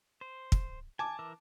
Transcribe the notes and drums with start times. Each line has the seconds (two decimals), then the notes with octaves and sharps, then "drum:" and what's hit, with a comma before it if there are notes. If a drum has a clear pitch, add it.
0.21 C5
0.52 drum: kick
0.99 G#5 A5 D6
1.19 E3 A#4 E5